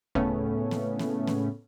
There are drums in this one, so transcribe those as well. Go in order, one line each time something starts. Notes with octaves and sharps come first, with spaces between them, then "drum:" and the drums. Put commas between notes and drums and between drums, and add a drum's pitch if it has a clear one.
A2 C#3 A3 B3 C#4, drum: kick D2
drum: snare A#3
drum: snare A#3
drum: snare A#3